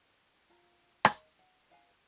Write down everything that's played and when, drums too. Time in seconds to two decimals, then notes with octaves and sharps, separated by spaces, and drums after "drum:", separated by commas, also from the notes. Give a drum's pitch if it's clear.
0.50 F4 F5 A#5
1.05 A#4 D#5, drum: rim click
1.39 F#5
1.70 B4 F5 F#5 G#5